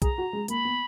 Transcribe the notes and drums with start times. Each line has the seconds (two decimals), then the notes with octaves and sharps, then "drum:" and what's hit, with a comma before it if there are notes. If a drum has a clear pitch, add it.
0.02 G#4 A#5, drum: kick, hi-hat
0.18 F#4
0.33 G#3
0.48 A#3 B5, drum: hi-hat
0.65 B3